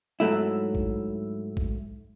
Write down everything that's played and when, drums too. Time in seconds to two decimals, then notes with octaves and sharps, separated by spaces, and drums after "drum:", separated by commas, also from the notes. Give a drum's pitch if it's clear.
0.20 G#2 F#3 A3 E4
0.75 drum: kick
1.57 drum: kick